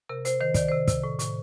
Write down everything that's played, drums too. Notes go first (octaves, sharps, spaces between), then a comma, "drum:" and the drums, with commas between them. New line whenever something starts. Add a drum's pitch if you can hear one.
C3 A#4
C3 C5, drum: hi-hat
D#3 C5
D#3 D5, drum: kick, hi-hat
C3 C5
C3, drum: kick, hi-hat
A2
A2, drum: hi-hat